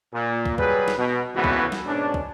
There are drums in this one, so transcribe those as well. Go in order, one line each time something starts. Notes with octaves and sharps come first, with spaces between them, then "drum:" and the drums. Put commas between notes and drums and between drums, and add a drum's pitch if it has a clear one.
A#2
drum: kick
F#3 G3 G#4 B4, drum: kick
drum: snare
B2
G#1 C#2 A2 E3 B3 F#4
drum: kick
drum: snare
G#2 B2 C#4 D4
drum: kick